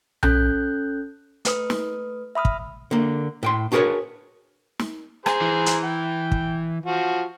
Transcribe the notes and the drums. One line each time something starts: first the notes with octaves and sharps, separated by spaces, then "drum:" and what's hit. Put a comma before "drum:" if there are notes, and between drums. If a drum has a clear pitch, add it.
C#4 A4 F#6 G6, drum: tom B1
A3 B4 D#6, drum: hi-hat
drum: snare
E5 B5 D#6 F6
drum: kick
D3 A#3
A2 G5 C6
D4 F#4 G#4 A#4 B4 C#5
drum: snare
G#4 C5 A#5, drum: rim click
E3
drum: hi-hat
G5
drum: kick
F3 F#4